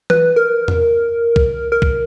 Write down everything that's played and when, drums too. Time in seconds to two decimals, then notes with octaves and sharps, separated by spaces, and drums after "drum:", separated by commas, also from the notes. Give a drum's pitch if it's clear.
0.10 B4, drum: tom E3
0.36 A#4
0.68 drum: tom E2
1.36 drum: kick B1
1.72 A#4
1.82 drum: kick B1